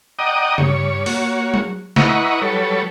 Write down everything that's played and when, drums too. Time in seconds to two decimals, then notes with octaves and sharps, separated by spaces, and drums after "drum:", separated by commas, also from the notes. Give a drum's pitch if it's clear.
0.19 D5 D#5 F#5 G5 A#5 D#6
0.58 G2 C#5, drum: tom C#3
1.06 A#3 F#4 C#5, drum: open hi-hat
1.54 drum: tom F#3
1.96 E4 B4 D#5 F#5 A#5 C#6, drum: snare
2.42 F#3 G3 A4 B4 C#5